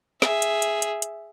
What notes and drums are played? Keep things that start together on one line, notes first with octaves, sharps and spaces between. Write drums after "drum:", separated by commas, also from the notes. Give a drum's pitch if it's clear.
G#4 E5, drum: snare
drum: hi-hat
drum: hi-hat
drum: hi-hat
drum: hi-hat